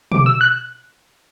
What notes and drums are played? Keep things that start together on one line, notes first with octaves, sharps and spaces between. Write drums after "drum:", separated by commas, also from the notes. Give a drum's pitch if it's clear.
D6, drum: tom
E6
F#6